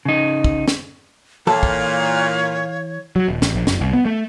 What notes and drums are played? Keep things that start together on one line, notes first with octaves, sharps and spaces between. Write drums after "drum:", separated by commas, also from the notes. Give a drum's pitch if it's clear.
C#3 D#4
drum: kick
drum: snare
A#2 E3 A4 C#5 F5 A5
drum: kick
F#3
D#1
A1, drum: snare
A#1
F#1, drum: snare
C2
B3
A3